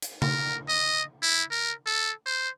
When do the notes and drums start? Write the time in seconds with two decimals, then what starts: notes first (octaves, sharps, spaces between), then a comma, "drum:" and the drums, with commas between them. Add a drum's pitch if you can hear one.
0.02 drum: hi-hat
0.22 A#4, drum: tom C#3
0.68 D#5
1.22 E4
1.51 A#4
1.86 A4
2.26 C5